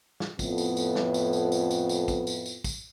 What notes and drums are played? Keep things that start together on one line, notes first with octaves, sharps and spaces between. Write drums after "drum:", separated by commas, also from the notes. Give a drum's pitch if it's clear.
drum: snare
F2 A2 B3, drum: kick, tambourine
drum: tambourine
drum: tambourine
drum: snare
drum: tambourine
drum: tambourine
drum: tambourine
drum: tambourine
drum: tambourine
drum: kick, tambourine
drum: tambourine
drum: tambourine
drum: kick, tambourine